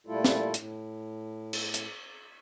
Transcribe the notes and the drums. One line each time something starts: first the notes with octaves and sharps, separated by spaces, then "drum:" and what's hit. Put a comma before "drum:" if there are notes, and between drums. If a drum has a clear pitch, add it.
A#2 G3 A3 E4 F4 A4
drum: snare
A2, drum: hi-hat
drum: cymbal
drum: hi-hat